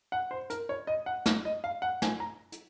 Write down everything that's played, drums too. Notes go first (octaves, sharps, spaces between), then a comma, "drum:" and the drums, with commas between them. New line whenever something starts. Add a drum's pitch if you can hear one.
F#5
C5
A#4, drum: hi-hat
C#5
D#5
F#5
drum: snare
D#5
F5
F#5
G#5, drum: snare
A#5
drum: hi-hat